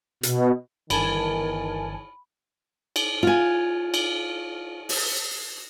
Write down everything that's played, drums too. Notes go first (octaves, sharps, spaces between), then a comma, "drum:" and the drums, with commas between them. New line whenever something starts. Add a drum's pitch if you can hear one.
B2, drum: hi-hat
G1 D#3 E3 A#4 G#5 A5 B5, drum: cymbal
drum: cymbal
F4 G#5
drum: cymbal
drum: open hi-hat